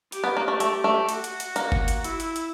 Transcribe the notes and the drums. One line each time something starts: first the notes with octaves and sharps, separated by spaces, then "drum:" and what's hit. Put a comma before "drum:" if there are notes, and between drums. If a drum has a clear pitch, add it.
G4, drum: hi-hat
B3
A#3
A3
A3, drum: hi-hat
A3
F#4, drum: hi-hat
drum: hi-hat
drum: hi-hat
A#3, drum: hi-hat
drum: kick G1
drum: hi-hat
E4, drum: hi-hat
drum: hi-hat
drum: hi-hat